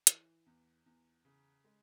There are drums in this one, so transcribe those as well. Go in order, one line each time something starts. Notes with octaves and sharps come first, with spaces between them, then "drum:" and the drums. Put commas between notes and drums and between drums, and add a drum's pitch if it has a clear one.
E3, drum: hi-hat
E2
E2
C#3
G#3